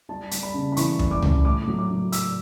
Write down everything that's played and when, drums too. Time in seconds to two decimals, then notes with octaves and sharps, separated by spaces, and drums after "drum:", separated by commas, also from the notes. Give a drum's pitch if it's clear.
0.09 G3 A5
0.31 G3, drum: hi-hat
0.43 B5
0.54 C#3
0.72 B5
0.77 E3 C#6, drum: hi-hat
0.99 G3, drum: kick
1.11 D6
1.22 C#3, drum: tom C#2
1.45 A2 D6
1.67 F#3
1.79 D6
1.91 F#3
2.12 A2 E6, drum: hi-hat